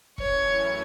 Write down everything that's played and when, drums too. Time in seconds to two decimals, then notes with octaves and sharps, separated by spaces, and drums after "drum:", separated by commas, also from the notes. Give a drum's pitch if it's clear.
0.18 F#2 E3 A3 C#4 E4 C#5, drum: kick E1